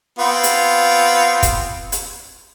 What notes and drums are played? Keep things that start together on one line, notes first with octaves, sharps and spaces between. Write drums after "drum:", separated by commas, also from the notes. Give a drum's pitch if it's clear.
B3 C4 F4
drum: hi-hat
drum: kick F1, hi-hat
drum: hi-hat